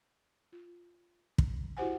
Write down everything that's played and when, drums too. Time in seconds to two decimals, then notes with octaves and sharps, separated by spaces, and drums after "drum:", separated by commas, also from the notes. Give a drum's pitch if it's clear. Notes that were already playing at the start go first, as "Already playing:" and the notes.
0.53 F4
1.38 drum: kick
1.77 E4 F#4 G4 C5 F#5 G#5